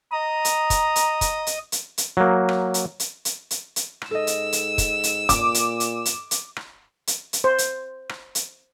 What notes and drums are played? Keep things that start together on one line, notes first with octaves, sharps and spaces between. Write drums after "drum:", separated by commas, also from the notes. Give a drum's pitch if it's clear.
D#5 A#5 D#6
drum: hi-hat
drum: kick, hi-hat
drum: hi-hat
drum: kick, hi-hat
drum: hi-hat
drum: hi-hat
drum: hi-hat
F#3 A#3
drum: rim click
drum: hi-hat
drum: hi-hat
drum: hi-hat
drum: hi-hat
drum: hi-hat
drum: rim click
G#2 A4 D#5 E6
drum: hi-hat
drum: hi-hat
drum: kick, hi-hat
drum: hi-hat
A#2 D6, drum: kick, hi-hat
drum: hi-hat
drum: hi-hat
drum: hi-hat
drum: hi-hat
drum: rim click
drum: hi-hat
drum: hi-hat
C5
drum: hi-hat
drum: rim click
drum: hi-hat